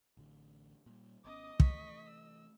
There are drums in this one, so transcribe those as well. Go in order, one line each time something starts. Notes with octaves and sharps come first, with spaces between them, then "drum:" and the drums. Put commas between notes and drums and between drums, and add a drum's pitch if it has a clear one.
A1 D3
A#2 G3
G#1 B3 C#4 D#5 D6 D#6
C3 E3 A3 C#6 B6, drum: kick
E6